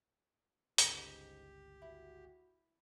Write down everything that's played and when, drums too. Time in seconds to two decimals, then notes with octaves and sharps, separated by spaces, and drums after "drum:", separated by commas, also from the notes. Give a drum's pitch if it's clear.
0.78 G1 C#2 G#2 C#3 G4, drum: hi-hat
1.82 E4 F#4